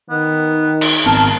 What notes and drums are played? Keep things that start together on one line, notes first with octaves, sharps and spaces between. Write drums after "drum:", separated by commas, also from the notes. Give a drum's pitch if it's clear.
D#3 B3
drum: cymbal
G#1 B3 C4 A#4 A5